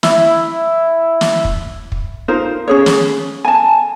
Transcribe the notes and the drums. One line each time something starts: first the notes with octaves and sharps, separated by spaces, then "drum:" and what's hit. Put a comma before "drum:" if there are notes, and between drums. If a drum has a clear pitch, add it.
E4, drum: snare
drum: snare
drum: kick
drum: kick
D#4 F4 A#4 C5
C#4 G#4 C#5
drum: snare
G#5 A5